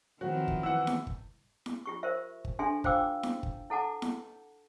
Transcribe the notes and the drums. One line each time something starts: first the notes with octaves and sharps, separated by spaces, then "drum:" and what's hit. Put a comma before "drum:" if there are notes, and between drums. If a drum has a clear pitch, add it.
D#3 F3 F#3 B3 C4 E4 F#4
drum: kick G1
E3 F#5 E6
drum: snare E4
drum: kick G1
drum: snare E4
F4 G4 C#6
A#4 C5 E5
drum: kick G1
D4 G4 A4 E5 G#5 C6
F4 C5 F5 G5 D6 E6, drum: kick G1
drum: snare E4
drum: kick G1
E4 A4 F#5 A5 D6
drum: snare E4